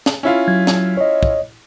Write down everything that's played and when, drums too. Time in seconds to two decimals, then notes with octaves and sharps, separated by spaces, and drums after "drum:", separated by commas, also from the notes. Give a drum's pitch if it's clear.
0.06 drum: snare
0.23 C#4 E4 F4
0.48 F#3 G#6
0.67 drum: snare
0.97 C#5 D#5
1.23 drum: kick